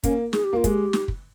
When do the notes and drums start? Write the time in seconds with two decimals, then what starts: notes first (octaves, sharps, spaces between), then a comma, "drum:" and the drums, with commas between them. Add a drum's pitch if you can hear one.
0.03 A#3 C#4, drum: kick, hi-hat
0.33 G#4, drum: snare
0.44 G4
0.53 A#3 F4
0.64 G#3 G4, drum: kick, hi-hat
0.93 drum: snare
1.08 drum: kick